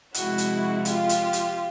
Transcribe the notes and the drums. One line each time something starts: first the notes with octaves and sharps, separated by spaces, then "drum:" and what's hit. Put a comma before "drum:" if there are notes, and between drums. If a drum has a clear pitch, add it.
C3 F3 G#3 E4 F#4, drum: hi-hat
drum: hi-hat
F4 G4, drum: hi-hat
drum: hi-hat
drum: hi-hat